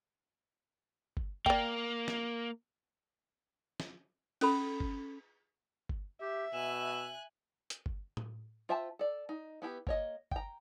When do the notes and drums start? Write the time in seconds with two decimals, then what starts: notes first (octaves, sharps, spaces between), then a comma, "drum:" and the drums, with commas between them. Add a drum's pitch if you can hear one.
1.17 drum: kick G1
1.46 A#3 D5 G5, drum: kick G1
2.08 drum: snare
3.80 drum: snare
4.41 C#4 A4 B5, drum: cymbal
4.80 drum: kick G1
5.89 drum: kick G1
6.22 G4 E5
6.54 B2 G#5 E6 F#6
7.70 drum: hi-hat
7.86 drum: kick G1
8.17 drum: tom A2
8.69 F4 C5 E5 G5 A5
8.99 A4 D5
9.29 D#4
9.62 B3 E4 G4
9.87 A#3 C#5 D#5, drum: kick G1
10.31 G5 A#5, drum: kick G1